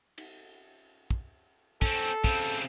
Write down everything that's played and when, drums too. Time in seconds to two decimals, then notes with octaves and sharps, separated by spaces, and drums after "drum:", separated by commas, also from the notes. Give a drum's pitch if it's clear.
0.18 drum: cymbal
1.11 drum: kick
1.82 C4 C#4 A4, drum: kick
2.24 C#3 C4, drum: kick